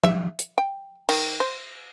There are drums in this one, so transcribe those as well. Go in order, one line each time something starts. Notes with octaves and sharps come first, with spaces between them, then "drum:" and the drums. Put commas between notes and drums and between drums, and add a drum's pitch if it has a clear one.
E5, drum: tom
drum: hi-hat
G5
D#3, drum: cymbal
C5